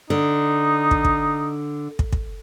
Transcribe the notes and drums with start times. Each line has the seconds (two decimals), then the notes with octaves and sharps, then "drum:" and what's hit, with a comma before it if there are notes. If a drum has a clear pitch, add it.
0.10 D3 D#4
0.91 drum: kick
1.05 drum: kick
1.99 drum: kick
2.13 drum: kick